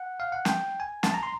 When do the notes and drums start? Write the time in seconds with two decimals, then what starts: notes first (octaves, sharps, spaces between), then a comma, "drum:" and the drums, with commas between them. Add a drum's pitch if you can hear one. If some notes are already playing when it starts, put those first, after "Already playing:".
Already playing: F#5
0.20 F5
0.32 F#5
0.45 G5, drum: snare
0.80 G#5
1.03 A5, drum: snare
1.14 A#5
1.23 C6